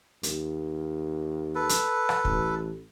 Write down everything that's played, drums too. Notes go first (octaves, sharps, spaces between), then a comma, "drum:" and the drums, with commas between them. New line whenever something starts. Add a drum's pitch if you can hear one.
D#2, drum: hi-hat
A4 B4
drum: hi-hat
drum: rim click
A1, drum: kick